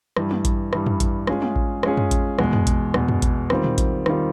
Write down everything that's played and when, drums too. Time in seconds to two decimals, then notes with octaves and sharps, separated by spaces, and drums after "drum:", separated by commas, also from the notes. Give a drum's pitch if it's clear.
0.17 G2 E3 G3, drum: rim click
0.31 drum: tom
0.45 drum: kick A1, hi-hat
0.73 G2 E3 G3, drum: rim click
0.86 drum: tom
1.00 drum: kick A1, hi-hat
1.27 G#3 C#4 F4 G#4, drum: rim click
1.42 drum: tom
1.56 drum: kick A1
1.83 G#3 C#4 F4 G#4, drum: rim click
1.97 drum: tom
2.11 drum: kick A1, hi-hat
2.39 E2 B2 G#3, drum: rim click
2.53 drum: tom
2.67 drum: kick A1, hi-hat
2.94 E2 B2 G#3, drum: rim click
3.08 drum: tom
3.22 drum: kick A1, hi-hat
3.50 D#3 G3 C4 F4, drum: rim click
3.64 drum: tom
3.78 drum: kick A1, hi-hat
4.06 D#3 G3 C4 F4, drum: rim click